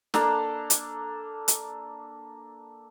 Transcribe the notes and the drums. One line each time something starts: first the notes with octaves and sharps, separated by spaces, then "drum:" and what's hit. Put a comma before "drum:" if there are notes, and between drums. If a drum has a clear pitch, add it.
A#3 D4 A4 A#5, drum: snare
drum: hi-hat
drum: hi-hat